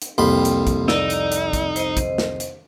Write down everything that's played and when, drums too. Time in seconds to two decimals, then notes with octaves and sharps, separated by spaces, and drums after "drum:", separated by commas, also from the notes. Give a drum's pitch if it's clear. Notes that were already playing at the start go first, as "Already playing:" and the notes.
0.02 drum: hi-hat
0.18 C2 F2 A#3 G4 G5 B5 C6
0.45 drum: hi-hat
0.67 drum: kick, hi-hat
0.88 D#4 D5 E6, drum: snare
1.10 drum: hi-hat
1.32 drum: hi-hat
1.53 drum: kick, hi-hat
1.76 C5 D#5, drum: hi-hat
1.97 drum: kick, hi-hat
2.18 drum: snare
2.40 drum: hi-hat